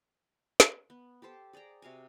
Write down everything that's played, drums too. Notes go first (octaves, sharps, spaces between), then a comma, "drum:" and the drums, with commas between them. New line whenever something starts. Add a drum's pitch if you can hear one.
drum: snare
B3
G4 A4 C5 A5
G#4 D5 G5 A#5
C3 F#4 F5 G#5